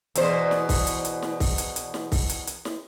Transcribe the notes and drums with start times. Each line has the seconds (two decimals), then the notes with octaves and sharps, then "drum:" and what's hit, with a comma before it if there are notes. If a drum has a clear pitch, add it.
0.15 E2 B2 C5, drum: hi-hat
0.51 drum: snare
0.69 drum: kick C2, open hi-hat
0.87 drum: hi-hat
1.05 drum: hi-hat
1.22 drum: snare
1.40 drum: kick C2, open hi-hat
1.58 drum: hi-hat
1.76 drum: hi-hat
1.94 drum: snare
2.12 drum: kick C2, open hi-hat
2.30 drum: hi-hat
2.47 drum: hi-hat
2.65 drum: snare